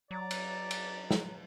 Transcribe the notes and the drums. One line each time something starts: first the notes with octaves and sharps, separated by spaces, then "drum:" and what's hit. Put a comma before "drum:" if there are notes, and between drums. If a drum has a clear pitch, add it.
F#3 D5 A#5
drum: cymbal
drum: cymbal
drum: snare